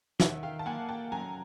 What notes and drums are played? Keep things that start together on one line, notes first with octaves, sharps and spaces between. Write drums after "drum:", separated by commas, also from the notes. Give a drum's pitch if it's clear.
D#3 E5 F#5, drum: snare
F5 G5
A5
A#3 F#5 G#5
G5 A5
F#2 G#5 A#5